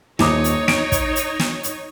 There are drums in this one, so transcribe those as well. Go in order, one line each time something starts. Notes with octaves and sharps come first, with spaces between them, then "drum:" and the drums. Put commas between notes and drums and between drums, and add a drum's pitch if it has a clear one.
D#1 D#4 C#5 D6 D#6, drum: snare
drum: hi-hat
D7, drum: snare
drum: kick, hi-hat
drum: hi-hat
drum: snare
drum: hi-hat